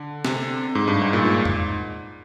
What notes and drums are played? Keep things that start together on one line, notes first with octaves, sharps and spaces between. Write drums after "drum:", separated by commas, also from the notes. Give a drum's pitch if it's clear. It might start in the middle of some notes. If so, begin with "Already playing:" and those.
Already playing: D3
C3, drum: snare
G#2
G2
G#2
A#2
G#2
drum: tom E2